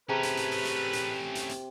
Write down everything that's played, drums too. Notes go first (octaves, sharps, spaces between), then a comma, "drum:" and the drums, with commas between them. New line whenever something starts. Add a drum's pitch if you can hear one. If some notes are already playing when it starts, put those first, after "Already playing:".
C3 A3 C#4 G#4 B4 A5 A#5
drum: hi-hat
drum: hi-hat
drum: open hi-hat
drum: hi-hat
drum: hi-hat
drum: hi-hat
drum: hi-hat